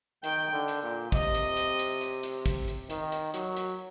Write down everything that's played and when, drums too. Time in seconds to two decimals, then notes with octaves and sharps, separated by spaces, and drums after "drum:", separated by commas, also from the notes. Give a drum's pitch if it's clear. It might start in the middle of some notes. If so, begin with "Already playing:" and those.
0.24 D#3 G5, drum: hi-hat
0.53 D3
0.68 drum: hi-hat
0.83 A#2
1.12 C3 D#5, drum: kick, hi-hat
1.35 drum: hi-hat
1.57 drum: hi-hat
1.79 drum: hi-hat
2.01 drum: hi-hat
2.23 drum: hi-hat
2.46 drum: kick, hi-hat
2.68 drum: hi-hat
2.90 D#3, drum: hi-hat
3.12 drum: hi-hat
3.34 F#3, drum: hi-hat
3.57 drum: hi-hat